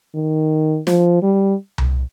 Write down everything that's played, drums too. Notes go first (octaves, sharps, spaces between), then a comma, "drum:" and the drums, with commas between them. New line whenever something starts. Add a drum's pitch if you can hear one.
D#3
F3, drum: snare
G3
drum: tom C2